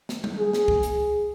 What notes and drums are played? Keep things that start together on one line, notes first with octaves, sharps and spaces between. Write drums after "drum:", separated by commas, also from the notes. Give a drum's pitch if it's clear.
drum: snare
drum: tom G3
G#4
drum: snare
drum: kick
drum: hi-hat